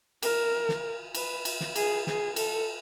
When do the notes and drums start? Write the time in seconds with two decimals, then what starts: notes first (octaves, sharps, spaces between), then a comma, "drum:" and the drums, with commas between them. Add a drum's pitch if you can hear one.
0.23 A#4, drum: cymbal
0.69 drum: snare
1.15 B4, drum: cymbal
1.45 drum: cymbal
1.60 drum: snare
1.76 G#4, drum: cymbal
2.07 G#4, drum: snare
2.36 A4, drum: cymbal